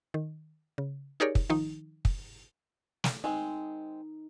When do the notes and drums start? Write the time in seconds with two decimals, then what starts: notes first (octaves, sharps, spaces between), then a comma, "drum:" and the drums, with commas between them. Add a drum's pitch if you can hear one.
0.14 D#3
0.78 C#3
1.20 D#4 G4 G#4 A#4 C#5 D5
1.35 drum: kick
1.50 D#3 F3 D#4
2.05 drum: kick
3.04 drum: snare
3.24 G#3 C4 D#4